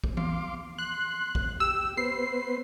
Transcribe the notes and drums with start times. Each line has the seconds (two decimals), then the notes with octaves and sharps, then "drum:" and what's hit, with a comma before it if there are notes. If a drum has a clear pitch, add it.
0.04 drum: kick
0.17 F5 C6 D6, drum: tom E3
0.78 C6 F#6
1.35 drum: kick
1.60 G4 E6
1.97 B3 B4 C5 C7